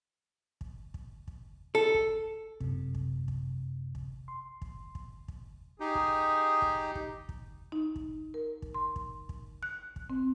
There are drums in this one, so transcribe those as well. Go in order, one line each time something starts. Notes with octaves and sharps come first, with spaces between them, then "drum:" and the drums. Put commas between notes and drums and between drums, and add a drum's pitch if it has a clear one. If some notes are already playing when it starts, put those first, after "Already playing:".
drum: kick
drum: kick
drum: kick
A4
drum: kick
F#2 C3, drum: kick
drum: kick
drum: kick
drum: kick
C6
drum: kick
drum: kick
drum: kick
D#4 G4 G#4
drum: kick
drum: kick
drum: kick
drum: kick
D#4
drum: kick
A#4
drum: kick
C6
drum: kick
drum: kick
F#6
drum: kick
C4